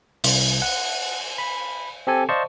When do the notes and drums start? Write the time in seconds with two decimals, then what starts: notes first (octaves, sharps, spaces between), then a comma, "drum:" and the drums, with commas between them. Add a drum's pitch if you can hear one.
0.24 C2, drum: open hi-hat
0.62 F#5
1.38 B5
2.07 C4 G4 A4 G#5
2.29 C5 D5 D#5 F5 A5 C#6